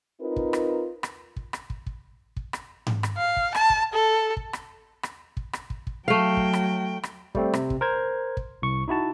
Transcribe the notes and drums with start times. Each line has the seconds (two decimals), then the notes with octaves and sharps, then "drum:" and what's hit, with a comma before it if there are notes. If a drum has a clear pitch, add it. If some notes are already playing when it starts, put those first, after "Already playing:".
0.21 C4 D#4 F4 A#4 B4
0.36 drum: kick
0.53 drum: rim click
1.03 drum: rim click
1.36 drum: kick
1.53 drum: rim click
1.70 drum: kick
1.86 drum: kick
2.37 drum: kick
2.53 drum: rim click
2.87 drum: tom G#2
3.03 drum: rim click
3.17 F5
3.37 drum: kick
3.55 A5, drum: rim click
3.70 drum: kick
3.93 A4
4.37 drum: kick
4.53 drum: rim click
5.03 drum: rim click
5.37 drum: kick
5.53 drum: rim click
5.70 drum: kick
5.87 drum: kick
6.08 F#3 A3 F5 G5
6.37 drum: kick
6.53 drum: rim click
7.03 drum: rim click
7.35 G3 A3 C4, drum: kick
7.53 C3, drum: rim click
7.70 drum: kick
7.81 A#4 C5 G#6
8.37 drum: kick
8.62 C2 C#6
8.88 D#4 E4 F#4 A5